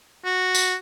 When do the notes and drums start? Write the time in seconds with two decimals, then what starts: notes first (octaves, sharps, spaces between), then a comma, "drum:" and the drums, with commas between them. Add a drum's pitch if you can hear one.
0.25 F#4
0.55 drum: tambourine